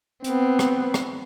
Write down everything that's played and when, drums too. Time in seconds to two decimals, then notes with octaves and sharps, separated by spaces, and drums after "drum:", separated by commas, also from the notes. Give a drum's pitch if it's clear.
0.24 B3 C4, drum: hi-hat
0.59 drum: rim click
0.94 drum: rim click